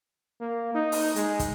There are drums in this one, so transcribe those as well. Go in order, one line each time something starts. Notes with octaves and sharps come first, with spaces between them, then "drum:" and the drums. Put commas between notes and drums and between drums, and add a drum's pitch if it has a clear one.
A#3
D#4
drum: open hi-hat
G#3, drum: hi-hat
drum: kick, hi-hat